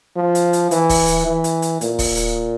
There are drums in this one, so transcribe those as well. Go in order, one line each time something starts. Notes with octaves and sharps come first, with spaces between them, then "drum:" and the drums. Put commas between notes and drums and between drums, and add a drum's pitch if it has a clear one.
F3
drum: hi-hat
drum: hi-hat
E3, drum: hi-hat
drum: kick, open hi-hat
drum: hi-hat
E3
drum: hi-hat
drum: hi-hat
A#2, drum: hi-hat
drum: kick, open hi-hat
drum: hi-hat